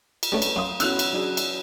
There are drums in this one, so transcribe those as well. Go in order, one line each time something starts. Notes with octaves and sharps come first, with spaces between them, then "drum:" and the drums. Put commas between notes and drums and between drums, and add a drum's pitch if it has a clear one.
drum: cymbal
G3 A3 C#4 D4 B4
drum: cymbal
F#2 F5 C6 D#6
B1 C#4 E4 F#4 E6 F#6 F7, drum: cymbal
drum: cymbal
F#3 D4 G#4
drum: cymbal